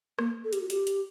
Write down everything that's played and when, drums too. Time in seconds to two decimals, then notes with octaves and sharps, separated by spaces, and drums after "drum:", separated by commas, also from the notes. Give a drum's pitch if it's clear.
0.19 A#3, drum: rim click
0.45 A4
0.53 G4, drum: hi-hat
0.61 F#4
0.70 G4, drum: hi-hat
0.87 drum: hi-hat